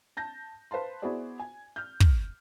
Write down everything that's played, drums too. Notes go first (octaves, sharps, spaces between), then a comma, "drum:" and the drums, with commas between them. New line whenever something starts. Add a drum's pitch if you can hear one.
A5 G6 A#6
B4 C5 F5 A5 C6
B3 E4 F#4 G#4 C5 D5
G#5
F6 G6
drum: kick